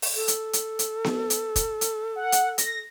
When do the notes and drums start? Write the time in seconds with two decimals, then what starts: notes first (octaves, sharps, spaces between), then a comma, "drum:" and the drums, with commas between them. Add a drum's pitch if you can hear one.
0.02 drum: open hi-hat
0.16 A4
0.28 drum: hi-hat
0.53 drum: hi-hat
0.79 drum: hi-hat
1.04 drum: snare B3
1.30 drum: hi-hat
1.56 drum: kick, hi-hat
1.81 drum: hi-hat
2.16 F#5
2.32 drum: hi-hat
2.58 A#6, drum: hi-hat